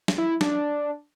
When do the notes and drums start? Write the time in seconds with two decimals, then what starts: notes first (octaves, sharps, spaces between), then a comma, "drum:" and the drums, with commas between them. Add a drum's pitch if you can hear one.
0.08 drum: snare
0.18 E4
0.41 D4, drum: snare